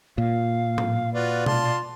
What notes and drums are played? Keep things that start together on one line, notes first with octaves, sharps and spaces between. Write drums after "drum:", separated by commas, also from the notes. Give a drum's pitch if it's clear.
A#2 F5
drum: tom A2
F4 F#4 B4 D5
F4 A5 C6, drum: tom B2